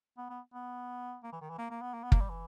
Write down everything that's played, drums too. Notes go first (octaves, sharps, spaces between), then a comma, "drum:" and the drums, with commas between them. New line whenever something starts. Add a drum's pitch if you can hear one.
B3
B3
B3
A#3
E3
D#3
E3
A#3
A#3
B3
A#3
B3
A#3, drum: kick
G3
E3